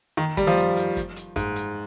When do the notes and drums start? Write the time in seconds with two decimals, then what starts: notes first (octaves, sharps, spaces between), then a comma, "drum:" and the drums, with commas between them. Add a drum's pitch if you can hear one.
0.17 D#3
0.37 G3, drum: kick, hi-hat
0.47 F3
0.57 drum: hi-hat
0.77 drum: hi-hat
0.97 drum: kick, hi-hat
1.16 drum: hi-hat
1.36 G#2, drum: kick, hi-hat
1.56 drum: hi-hat